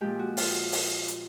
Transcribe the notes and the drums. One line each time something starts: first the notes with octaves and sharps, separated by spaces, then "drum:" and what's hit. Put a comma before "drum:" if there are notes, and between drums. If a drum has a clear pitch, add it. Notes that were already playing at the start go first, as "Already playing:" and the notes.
A#2 F3 G#3 G4
F#4
F4, drum: open hi-hat
drum: open hi-hat
drum: hi-hat